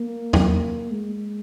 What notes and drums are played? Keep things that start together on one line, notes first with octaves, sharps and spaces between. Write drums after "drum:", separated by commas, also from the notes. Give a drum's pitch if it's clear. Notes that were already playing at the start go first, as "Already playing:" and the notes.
Already playing: A#3
drum: tom E2
G#3